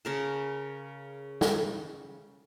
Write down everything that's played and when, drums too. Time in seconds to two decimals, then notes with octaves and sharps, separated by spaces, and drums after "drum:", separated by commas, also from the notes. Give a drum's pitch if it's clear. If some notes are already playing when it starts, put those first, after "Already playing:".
0.05 C#3 A#4 A5
1.41 drum: snare